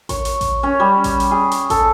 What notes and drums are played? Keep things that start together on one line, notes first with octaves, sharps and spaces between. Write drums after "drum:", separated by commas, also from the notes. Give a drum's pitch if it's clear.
C#5, drum: kick A1, hi-hat
drum: hi-hat
drum: kick A1, hi-hat
C#4
G3
drum: kick A1, hi-hat
drum: hi-hat
G#4
drum: hi-hat
A4, drum: kick A1, hi-hat